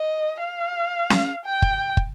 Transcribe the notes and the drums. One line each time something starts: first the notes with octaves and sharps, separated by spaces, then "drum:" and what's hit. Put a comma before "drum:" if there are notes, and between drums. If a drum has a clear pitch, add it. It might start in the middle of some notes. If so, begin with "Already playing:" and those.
Already playing: D#5
F5
drum: snare C#4
G5
drum: kick
drum: kick